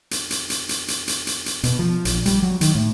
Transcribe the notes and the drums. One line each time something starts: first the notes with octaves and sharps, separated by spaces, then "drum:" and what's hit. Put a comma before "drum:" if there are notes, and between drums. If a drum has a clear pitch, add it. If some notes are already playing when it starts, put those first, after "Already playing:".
drum: hi-hat
drum: hi-hat
drum: hi-hat
drum: hi-hat
drum: hi-hat
drum: hi-hat
drum: hi-hat
drum: hi-hat
B2, drum: hi-hat
F3
A#1, drum: hi-hat
G3, drum: hi-hat
F#3
D#3, drum: hi-hat
A2